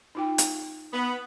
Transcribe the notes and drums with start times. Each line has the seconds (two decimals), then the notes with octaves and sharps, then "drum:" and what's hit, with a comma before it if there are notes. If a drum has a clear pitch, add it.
0.15 D#4 F4 G5
0.38 drum: hi-hat
0.93 B3